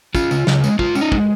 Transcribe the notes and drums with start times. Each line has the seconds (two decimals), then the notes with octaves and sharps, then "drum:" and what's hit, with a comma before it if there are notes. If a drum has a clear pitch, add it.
0.15 C#4 F4, drum: kick, tambourine
0.31 C#3, drum: tambourine
0.47 C#3, drum: snare
0.64 G#3, drum: tambourine
0.79 G#3 F4, drum: kick
0.95 C#4, drum: tambourine
1.01 D#4
1.12 G#3, drum: kick